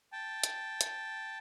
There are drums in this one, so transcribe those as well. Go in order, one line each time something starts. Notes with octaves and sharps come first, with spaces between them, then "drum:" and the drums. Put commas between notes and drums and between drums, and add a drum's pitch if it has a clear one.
G5 A5
drum: hi-hat
drum: hi-hat